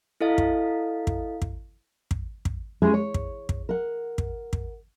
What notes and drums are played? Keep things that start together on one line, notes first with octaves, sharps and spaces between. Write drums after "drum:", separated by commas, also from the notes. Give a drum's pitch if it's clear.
E4 A4 D#5 F5
drum: kick
drum: kick
drum: kick
drum: kick
drum: kick
G#3 C#4 E4 G4 G#4
C#5
drum: kick
drum: kick
A#4 F#5
drum: kick
drum: kick